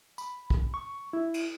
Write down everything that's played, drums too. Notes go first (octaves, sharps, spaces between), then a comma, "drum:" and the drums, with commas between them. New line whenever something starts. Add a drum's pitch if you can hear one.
B5, drum: tambourine
drum: kick
C#6
E4
drum: cymbal